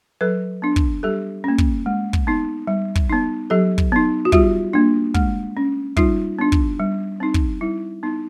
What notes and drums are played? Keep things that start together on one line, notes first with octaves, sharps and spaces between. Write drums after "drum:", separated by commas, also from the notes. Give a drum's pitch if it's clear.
F#3 A4 B4
B3 D4
drum: kick
G3 G4 A4
A#3 C#4
drum: kick
G#3
drum: kick
B3 D#4
G3
drum: kick
B3 D#4
F#3 G4 A4
drum: kick
B3 D#4
F#4
G3 F4 G4, drum: kick
A#3 D4
G#3, drum: kick
C#4
G3 D#4 F4, drum: kick
B3 D4
drum: kick
G3
C4 D#4
drum: kick
G3 E4
B3 D#4